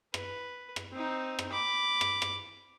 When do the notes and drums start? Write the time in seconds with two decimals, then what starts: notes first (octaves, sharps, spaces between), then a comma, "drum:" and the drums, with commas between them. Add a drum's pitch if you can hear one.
0.14 B4, drum: rim click
0.76 drum: rim click
0.92 C4 D#4
1.39 drum: rim click
1.52 B5 D6
2.01 drum: rim click
2.22 drum: rim click